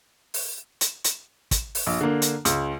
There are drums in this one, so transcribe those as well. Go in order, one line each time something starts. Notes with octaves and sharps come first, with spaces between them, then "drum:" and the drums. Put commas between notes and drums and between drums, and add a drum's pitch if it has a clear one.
drum: open hi-hat
drum: hi-hat
drum: hi-hat
drum: kick, hi-hat
drum: open hi-hat
A#1
D3 A#3
drum: hi-hat
C#2, drum: hi-hat